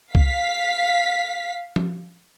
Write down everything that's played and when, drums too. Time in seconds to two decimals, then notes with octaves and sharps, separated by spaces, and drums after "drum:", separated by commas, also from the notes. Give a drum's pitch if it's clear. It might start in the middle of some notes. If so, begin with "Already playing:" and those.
0.15 F5 B6, drum: kick C2
1.76 drum: tom F3